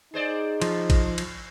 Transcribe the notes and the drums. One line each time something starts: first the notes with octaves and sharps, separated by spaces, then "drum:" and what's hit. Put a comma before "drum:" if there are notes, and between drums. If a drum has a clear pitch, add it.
D#4 G#4 C5 D5
F3, drum: cymbal
drum: kick A1, cymbal
drum: cymbal